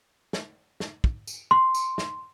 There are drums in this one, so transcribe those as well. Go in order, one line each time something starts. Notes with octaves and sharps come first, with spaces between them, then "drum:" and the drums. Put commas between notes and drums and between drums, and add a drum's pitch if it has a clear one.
drum: snare
drum: snare
drum: kick
drum: tambourine
C6
drum: tambourine
drum: snare